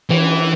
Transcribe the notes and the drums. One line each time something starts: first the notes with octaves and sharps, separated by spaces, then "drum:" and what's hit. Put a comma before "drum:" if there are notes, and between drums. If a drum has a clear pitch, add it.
E3, drum: cymbal